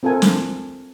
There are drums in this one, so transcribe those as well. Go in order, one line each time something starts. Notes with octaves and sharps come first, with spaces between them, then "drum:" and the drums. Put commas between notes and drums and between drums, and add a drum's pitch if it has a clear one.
C4 F4 A4 A#4 G#5
drum: snare